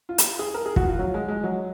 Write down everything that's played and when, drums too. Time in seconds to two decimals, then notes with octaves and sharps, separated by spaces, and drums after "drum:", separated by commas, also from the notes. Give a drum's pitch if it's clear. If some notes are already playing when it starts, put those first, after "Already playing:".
0.09 F4
0.18 drum: hi-hat
0.39 G#4
0.54 A#4
0.66 G#4
0.76 F#4, drum: kick
0.88 F4
0.99 F#3
1.14 G#3
1.28 G#3
1.44 F#3